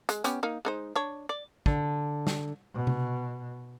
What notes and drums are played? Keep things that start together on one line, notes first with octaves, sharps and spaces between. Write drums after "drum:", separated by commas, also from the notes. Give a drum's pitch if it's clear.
G#3, drum: hi-hat
B3 C#4 G4, drum: hi-hat
A#3 D#4
G#3 D#4 C5
D4 C#5
D5
D3, drum: kick
drum: snare
B2
drum: tom C3